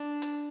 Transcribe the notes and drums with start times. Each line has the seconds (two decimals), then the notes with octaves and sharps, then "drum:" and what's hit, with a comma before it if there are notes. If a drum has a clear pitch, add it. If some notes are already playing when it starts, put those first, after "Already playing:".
Already playing: D4
0.22 drum: hi-hat